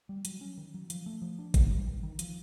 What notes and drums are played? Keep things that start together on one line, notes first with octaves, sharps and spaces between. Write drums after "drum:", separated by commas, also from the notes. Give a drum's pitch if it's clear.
G3
F#3, drum: hi-hat
C#4
D#3
F#3
F3, drum: hi-hat
A3
F3
D4
D#3, drum: kick G#1, hi-hat
G3
D#3
D#3
F3, drum: hi-hat